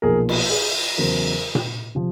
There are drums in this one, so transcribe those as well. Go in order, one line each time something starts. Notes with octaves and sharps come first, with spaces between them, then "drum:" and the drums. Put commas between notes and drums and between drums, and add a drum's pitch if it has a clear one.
B1 A#2 F3 G#4 A#4
drum: cymbal
G#4
E2 C#3 F#3 A#4 C5
drum: tom A#2
C3 F3